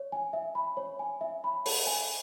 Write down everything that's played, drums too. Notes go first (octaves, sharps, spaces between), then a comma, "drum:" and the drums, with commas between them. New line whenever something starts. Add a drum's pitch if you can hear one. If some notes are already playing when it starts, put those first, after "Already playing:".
Already playing: C#5
G#5
E5
B5
C#5
G#5
E5
B5
C#5, drum: open hi-hat
G#5